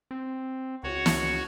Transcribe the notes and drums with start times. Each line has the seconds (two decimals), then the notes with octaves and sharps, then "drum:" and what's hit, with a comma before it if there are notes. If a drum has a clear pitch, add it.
0.11 C4
0.83 C#2 F#4 C#5
1.06 drum: snare